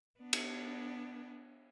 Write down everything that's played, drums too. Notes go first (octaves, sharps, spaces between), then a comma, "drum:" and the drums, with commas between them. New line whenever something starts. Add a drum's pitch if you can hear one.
B3 D4
drum: cymbal